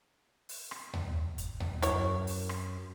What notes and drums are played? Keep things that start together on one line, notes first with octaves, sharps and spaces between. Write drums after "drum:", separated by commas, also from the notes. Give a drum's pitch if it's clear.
drum: open hi-hat
drum: rim click
drum: tom D#2
drum: kick, hi-hat
drum: tom D#2
F#2 E4 C#5, drum: hi-hat
drum: open hi-hat
drum: rim click